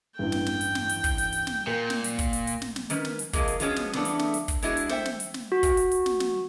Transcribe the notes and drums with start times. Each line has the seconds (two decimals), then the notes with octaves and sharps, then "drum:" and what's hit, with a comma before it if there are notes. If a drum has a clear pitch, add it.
0.19 A1 E2 G2 G5
0.32 drum: snare
0.46 drum: snare
0.61 drum: hi-hat
0.75 drum: snare
0.89 drum: hi-hat
1.04 drum: kick, hi-hat
1.18 drum: hi-hat
1.32 drum: hi-hat
1.47 drum: snare
1.67 A#2 A#4
1.90 drum: snare
2.04 drum: hi-hat
2.19 drum: kick, hi-hat
2.33 drum: hi-hat
2.47 drum: hi-hat
2.62 drum: snare
2.76 drum: snare
2.90 D#3 C#4 B4, drum: hi-hat
3.05 drum: snare
3.19 drum: hi-hat
3.33 G#2 C3 F3 G#3 A#3, drum: kick, hi-hat
3.48 drum: hi-hat
3.60 F3 F#3 G#3 B3 C#4, drum: hi-hat
3.76 drum: snare
3.93 C#3 E3 A3 B3 D4, drum: snare
4.05 drum: hi-hat
4.19 drum: snare
4.34 drum: hi-hat
4.48 drum: kick, hi-hat
4.63 G#3 B3 D4 E4 F#4 G#4, drum: hi-hat
4.77 drum: hi-hat
4.89 A4 C5 E5 G5, drum: snare
5.05 drum: snare
5.20 drum: hi-hat
5.34 drum: snare
5.52 F#4
5.63 drum: kick, hi-hat
5.77 drum: hi-hat
5.92 drum: hi-hat
6.06 drum: snare
6.20 drum: snare